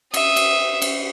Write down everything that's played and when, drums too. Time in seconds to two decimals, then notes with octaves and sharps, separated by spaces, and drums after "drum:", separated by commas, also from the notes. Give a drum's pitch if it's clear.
0.14 E5 D#6, drum: cymbal
0.36 drum: cymbal
0.82 drum: cymbal